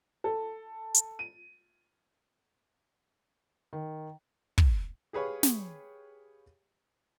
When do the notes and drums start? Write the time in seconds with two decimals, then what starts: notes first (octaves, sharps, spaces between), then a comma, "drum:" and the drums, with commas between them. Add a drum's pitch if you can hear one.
0.24 A4
0.94 drum: hi-hat
1.19 D#7
3.73 D#3
4.58 drum: kick
5.13 G4 G#4 B4 C#5 F5
5.43 drum: snare